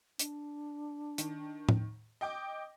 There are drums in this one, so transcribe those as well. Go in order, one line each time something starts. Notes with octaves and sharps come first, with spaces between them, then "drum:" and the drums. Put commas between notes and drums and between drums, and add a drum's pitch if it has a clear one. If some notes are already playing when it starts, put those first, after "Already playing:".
D4, drum: hi-hat
D#3, drum: hi-hat
drum: tom A2
D#5 G5 D6